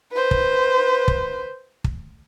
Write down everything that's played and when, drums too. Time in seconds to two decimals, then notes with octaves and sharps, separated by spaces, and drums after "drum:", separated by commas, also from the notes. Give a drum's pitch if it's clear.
0.12 B4 C5
0.31 drum: kick
1.08 drum: kick
1.84 drum: kick